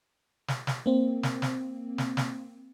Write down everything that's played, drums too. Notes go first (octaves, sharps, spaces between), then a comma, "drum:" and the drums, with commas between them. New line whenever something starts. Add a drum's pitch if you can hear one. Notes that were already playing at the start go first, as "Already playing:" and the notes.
drum: snare
drum: snare
A#3 C4
drum: snare
drum: snare
drum: snare
drum: snare